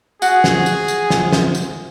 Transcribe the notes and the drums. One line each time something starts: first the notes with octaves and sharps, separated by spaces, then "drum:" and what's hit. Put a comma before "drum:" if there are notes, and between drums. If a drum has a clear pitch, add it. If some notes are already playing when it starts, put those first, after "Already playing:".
F#4 G#4, drum: tambourine
drum: snare
drum: tambourine
drum: tambourine
drum: snare
drum: snare
drum: tambourine